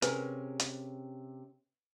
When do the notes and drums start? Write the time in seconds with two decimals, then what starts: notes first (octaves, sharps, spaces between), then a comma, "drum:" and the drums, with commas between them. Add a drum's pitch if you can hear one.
0.02 C3 C#4 G#4 A#4 B4, drum: hi-hat
0.60 drum: hi-hat